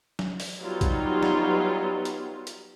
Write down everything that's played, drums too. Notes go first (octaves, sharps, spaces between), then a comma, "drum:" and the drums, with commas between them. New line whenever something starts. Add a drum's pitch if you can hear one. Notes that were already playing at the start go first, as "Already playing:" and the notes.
drum: snare F#3
drum: open hi-hat
F#3 G3 B3 D#4 F4
drum: kick A#1, hi-hat
drum: snare F#3
drum: hi-hat
drum: hi-hat